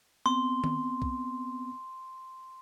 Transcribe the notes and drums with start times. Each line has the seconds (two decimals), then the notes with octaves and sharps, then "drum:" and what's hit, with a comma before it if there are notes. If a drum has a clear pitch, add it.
0.26 B3 C4 C6
0.64 drum: tom D#3
1.02 drum: kick B1